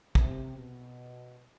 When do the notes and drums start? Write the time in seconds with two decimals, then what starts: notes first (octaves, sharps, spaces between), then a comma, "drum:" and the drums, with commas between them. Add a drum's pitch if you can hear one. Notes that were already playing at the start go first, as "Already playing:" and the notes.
0.15 C3, drum: kick
0.58 B2